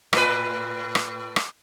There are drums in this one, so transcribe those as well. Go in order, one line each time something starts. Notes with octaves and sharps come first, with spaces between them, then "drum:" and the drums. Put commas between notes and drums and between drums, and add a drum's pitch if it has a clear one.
A2 B4, drum: rim click
drum: rim click
drum: rim click